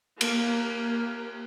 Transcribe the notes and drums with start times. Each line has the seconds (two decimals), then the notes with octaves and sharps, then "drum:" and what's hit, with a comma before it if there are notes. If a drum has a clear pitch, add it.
0.21 A#3, drum: cymbal